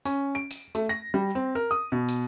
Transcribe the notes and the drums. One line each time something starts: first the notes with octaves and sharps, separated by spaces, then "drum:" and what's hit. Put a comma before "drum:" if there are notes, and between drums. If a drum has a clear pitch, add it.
C#4, drum: tambourine
D7
drum: tambourine
A3, drum: tambourine
A#6
G3
C4
A#4
D#6
B2
drum: tambourine